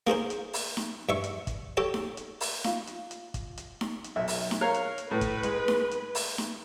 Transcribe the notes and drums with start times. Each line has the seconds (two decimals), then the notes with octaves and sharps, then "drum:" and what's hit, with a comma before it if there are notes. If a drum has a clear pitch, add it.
0.07 A#3 G#4 A#4 C5, drum: snare D#4
0.30 drum: hi-hat
0.53 drum: open hi-hat
0.77 drum: snare D#4
1.09 G2 E5 C#6
1.24 drum: hi-hat
1.47 drum: kick, hi-hat
1.77 G4 A4 C#5
1.94 drum: snare D#4
2.17 drum: hi-hat
2.41 drum: open hi-hat
2.64 F4 F5, drum: snare D#4
2.87 drum: hi-hat
3.11 drum: hi-hat
3.34 drum: kick, hi-hat
3.57 drum: hi-hat
3.81 drum: snare D#4
4.04 drum: hi-hat
4.16 B1 E5
4.28 drum: open hi-hat
4.51 drum: snare D#4
4.61 A#4 C#5 F5
4.74 drum: hi-hat
4.98 drum: hi-hat
5.11 A2 B4
5.21 drum: kick, hi-hat
5.43 G#3, drum: hi-hat
5.68 drum: snare D#4
5.91 drum: hi-hat
6.15 drum: open hi-hat
6.38 drum: snare D#4